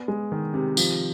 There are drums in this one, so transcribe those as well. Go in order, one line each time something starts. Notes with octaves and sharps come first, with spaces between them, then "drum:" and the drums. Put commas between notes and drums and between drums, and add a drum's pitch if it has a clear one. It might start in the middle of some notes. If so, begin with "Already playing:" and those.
Already playing: B3 D5
G#3
D#3
C3
F3, drum: tambourine